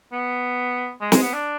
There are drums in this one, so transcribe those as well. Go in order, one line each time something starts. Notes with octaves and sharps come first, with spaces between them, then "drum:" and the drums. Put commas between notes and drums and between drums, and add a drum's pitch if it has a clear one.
B3
G#3
G#3, drum: snare
B3
D4